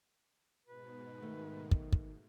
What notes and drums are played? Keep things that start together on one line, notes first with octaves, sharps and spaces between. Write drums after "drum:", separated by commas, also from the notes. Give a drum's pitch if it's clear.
G#2 B2 B4
D#3 A3
drum: kick
drum: kick